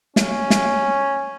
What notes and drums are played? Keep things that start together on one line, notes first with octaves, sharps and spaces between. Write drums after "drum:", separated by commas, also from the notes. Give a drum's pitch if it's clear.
C#4, drum: snare
drum: snare